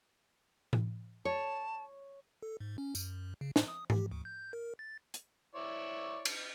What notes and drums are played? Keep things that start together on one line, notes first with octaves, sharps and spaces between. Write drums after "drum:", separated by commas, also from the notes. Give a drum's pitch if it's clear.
drum: tom A2
C#5 A5
A4
G#2
C#4
F#2, drum: tambourine
C#3
A2, drum: snare
D#6
G4, drum: tom G#2
D2
G6
A#4
A6
drum: hi-hat
E4 C#5 D5
drum: cymbal